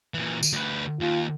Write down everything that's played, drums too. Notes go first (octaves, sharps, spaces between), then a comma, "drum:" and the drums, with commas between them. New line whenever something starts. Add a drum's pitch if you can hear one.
A#2 E3
drum: tambourine
D2 B4
D#2 F4